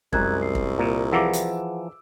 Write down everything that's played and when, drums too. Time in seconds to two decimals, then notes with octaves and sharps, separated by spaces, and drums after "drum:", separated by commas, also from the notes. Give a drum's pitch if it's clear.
0.13 C2 F#2 G#3 A#5 F#6 G#6, drum: kick
0.42 C7
0.55 drum: kick
0.79 A#2 A#5
1.12 E3 F3 G#4 F#5 A#5 D6 E6
1.33 drum: hi-hat